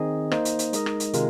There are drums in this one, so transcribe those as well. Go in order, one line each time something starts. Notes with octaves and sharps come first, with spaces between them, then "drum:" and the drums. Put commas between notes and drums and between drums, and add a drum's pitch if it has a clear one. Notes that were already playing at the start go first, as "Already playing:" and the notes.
Already playing: D#3 C4 D#4 G#4 D#5
A#3 D#4 C5 D#5, drum: rim click
drum: hi-hat
drum: hi-hat
G#3 D#4 A#4 D#5, drum: hi-hat
drum: rim click
drum: hi-hat
C3 D#3 G#3 F4 A#4, drum: hi-hat